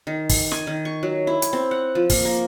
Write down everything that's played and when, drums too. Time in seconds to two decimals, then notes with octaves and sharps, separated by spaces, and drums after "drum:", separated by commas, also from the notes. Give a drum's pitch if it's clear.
0.07 D#3
0.30 drum: kick, open hi-hat
0.52 G#5, drum: snare
0.67 D#3
0.85 C#6
1.03 F#3
1.27 E4
1.42 drum: hi-hat
1.53 C4
1.71 F#5
1.95 F3
2.10 A#3, drum: kick, open hi-hat
2.25 A#3